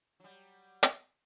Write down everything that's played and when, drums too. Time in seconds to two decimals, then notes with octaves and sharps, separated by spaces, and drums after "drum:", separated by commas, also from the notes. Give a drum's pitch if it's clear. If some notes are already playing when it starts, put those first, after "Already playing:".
0.20 F#3 G3
0.83 drum: hi-hat